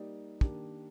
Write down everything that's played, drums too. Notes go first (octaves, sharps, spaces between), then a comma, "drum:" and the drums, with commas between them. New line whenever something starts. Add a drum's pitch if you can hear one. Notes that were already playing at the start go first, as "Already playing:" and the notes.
Already playing: G3 A#3 D#4 G4 D5
D#3 A#3 D4 G4, drum: kick